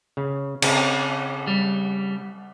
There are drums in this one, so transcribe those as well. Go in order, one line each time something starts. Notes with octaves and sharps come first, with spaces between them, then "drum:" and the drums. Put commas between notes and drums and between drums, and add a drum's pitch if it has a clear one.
C#3
C#3 C4, drum: cymbal
G3